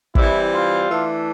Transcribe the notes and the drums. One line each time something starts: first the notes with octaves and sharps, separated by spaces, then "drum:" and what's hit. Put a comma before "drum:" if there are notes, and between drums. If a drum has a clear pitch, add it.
E3 G3 C4 E4, drum: kick
F4
E3 A3 D4